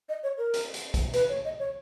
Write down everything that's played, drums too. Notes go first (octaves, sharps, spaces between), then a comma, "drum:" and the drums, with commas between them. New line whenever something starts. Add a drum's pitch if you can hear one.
D#5
C#5
A#4
drum: hi-hat
drum: hi-hat
drum: kick, hi-hat
B4, drum: hi-hat
C#5
D#5
C#5